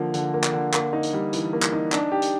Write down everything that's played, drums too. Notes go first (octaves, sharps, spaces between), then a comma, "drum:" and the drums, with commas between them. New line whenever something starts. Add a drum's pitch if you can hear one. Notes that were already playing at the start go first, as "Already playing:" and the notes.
Already playing: D3 F3 A#3
D3, drum: hi-hat
A#3
drum: clap
D3
A#3, drum: clap
D#4
drum: hi-hat
G3
E3, drum: hi-hat
A#3
drum: clap
D#4
D4, drum: clap
G4
drum: hi-hat